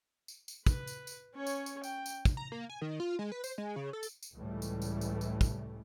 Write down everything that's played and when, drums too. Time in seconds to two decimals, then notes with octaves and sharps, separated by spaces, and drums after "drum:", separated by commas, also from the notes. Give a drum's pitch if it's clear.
0.28 drum: tambourine
0.48 drum: tambourine
0.66 B4, drum: kick, tambourine
0.87 drum: tambourine
1.07 drum: tambourine
1.35 C#4 C#5
1.47 drum: tambourine
1.66 drum: tambourine
1.84 G5, drum: tambourine
2.06 drum: tambourine
2.25 drum: kick, tambourine
2.37 A#5
2.52 A#3
2.70 G#5
2.82 D#3
3.00 F4
3.19 G#3
3.32 B4
3.44 C5, drum: tambourine
3.58 G#3
3.76 C#3
3.93 A4
4.03 drum: tambourine
4.23 drum: tambourine
4.36 C#2 A2 E3 G3 A3
4.62 drum: tambourine
4.82 drum: tambourine
5.01 drum: tambourine
5.21 drum: tambourine
5.41 drum: kick, tambourine